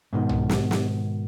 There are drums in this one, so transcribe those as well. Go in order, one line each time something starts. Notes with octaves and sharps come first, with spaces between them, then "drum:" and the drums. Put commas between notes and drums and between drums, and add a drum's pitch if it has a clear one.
G#2 B2 D#3
drum: tom B1
drum: snare
drum: snare